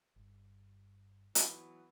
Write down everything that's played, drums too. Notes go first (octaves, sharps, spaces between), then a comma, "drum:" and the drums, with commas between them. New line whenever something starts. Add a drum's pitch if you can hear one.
G1
E3 F#3 B3, drum: hi-hat